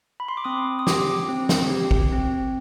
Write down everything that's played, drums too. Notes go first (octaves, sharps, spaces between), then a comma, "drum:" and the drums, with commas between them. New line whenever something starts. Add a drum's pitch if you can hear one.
B5
C6
D6
C4 D#6
D#6
G4 D6, drum: snare
C4
drum: snare
G4
drum: kick
C4